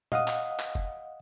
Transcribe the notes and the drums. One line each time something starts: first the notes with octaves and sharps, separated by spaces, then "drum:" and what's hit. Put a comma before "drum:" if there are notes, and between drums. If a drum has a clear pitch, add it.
D#5 F5 F#5 D#6, drum: tom A#2
drum: clap
drum: clap
drum: kick F#1